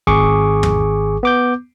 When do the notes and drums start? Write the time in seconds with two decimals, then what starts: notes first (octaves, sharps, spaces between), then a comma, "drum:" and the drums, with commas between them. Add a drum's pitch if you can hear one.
0.07 G#1 G#4 C#6 D6, drum: kick
0.63 drum: tom
1.23 B3 D6 G6